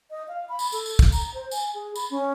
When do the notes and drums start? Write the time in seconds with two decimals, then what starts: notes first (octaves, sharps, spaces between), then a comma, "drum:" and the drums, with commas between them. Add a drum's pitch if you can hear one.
0.11 D#5
0.28 F5
0.49 B5
0.59 drum: tambourine
0.72 A4, drum: tambourine
0.86 drum: tambourine
0.99 drum: kick, tambourine
1.12 A#5, drum: tambourine
1.34 C5
1.51 G#5, drum: tambourine
1.74 G#4
1.96 B5, drum: tambourine
2.11 C#4